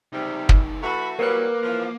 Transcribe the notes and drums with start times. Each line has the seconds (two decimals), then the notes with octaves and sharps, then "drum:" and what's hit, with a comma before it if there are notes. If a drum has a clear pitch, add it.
0.13 C#2 C3 G3 D#4
0.49 drum: kick
0.83 E3 A3 F#4 A#5 B5 C#6
1.19 E3 F#3 G3 A#3 A#4 B4 F#6
1.63 E3 F3